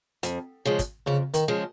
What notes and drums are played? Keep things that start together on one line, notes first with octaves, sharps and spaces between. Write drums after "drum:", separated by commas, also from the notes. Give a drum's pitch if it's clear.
F2, drum: hi-hat
C#3 F3 G#3
drum: kick, hi-hat
F2 C#3
D#3, drum: hi-hat
C#3 F3 G#3